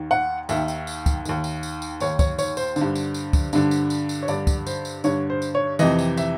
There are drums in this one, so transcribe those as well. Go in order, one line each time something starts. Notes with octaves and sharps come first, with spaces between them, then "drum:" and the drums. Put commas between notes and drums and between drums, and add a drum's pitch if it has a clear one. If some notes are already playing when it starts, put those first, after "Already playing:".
Already playing: D#2 D#3
F#5
D#2 D#3 E5, drum: tambourine
drum: tambourine
drum: tambourine
drum: kick, tambourine
D#2 D#3, drum: tambourine
drum: tambourine
drum: tambourine
drum: tambourine
D#2 D#3 C#5, drum: tambourine
C#5, drum: kick, tambourine
C#5, drum: tambourine
C5, drum: tambourine
D3, drum: tambourine
G2
drum: tambourine
drum: tambourine
drum: kick, tambourine
G2 D3, drum: tambourine
drum: tambourine
drum: tambourine
drum: tambourine
C#5
G2 D3 D5, drum: tambourine
drum: kick, tambourine
C5, drum: tambourine
drum: tambourine
G2 D3 C#5, drum: tambourine
C5
drum: tambourine
C#5
F2 C3 E3 D#5, drum: tambourine
drum: tambourine
E5, drum: tambourine